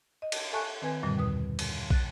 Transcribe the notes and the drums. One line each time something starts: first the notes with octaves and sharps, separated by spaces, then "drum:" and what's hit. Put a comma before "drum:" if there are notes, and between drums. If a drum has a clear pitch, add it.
D#5
drum: cymbal
A4 E5 G#5 A5 C#6 F#6
D#3 C4 B4 G#5 G#6
F#2 A#2 D3 D#3 G3
D#2 B2 B4 D#6
drum: cymbal
F#6 A6, drum: kick